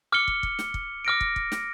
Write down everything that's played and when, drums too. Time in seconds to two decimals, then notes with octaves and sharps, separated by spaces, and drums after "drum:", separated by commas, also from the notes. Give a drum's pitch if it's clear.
0.12 D6 F6 C#7 G7
0.28 drum: kick
0.43 drum: kick
0.59 drum: snare
0.74 drum: kick
1.05 D6 F6 A#6 D7
1.21 drum: kick
1.36 drum: kick
1.52 drum: snare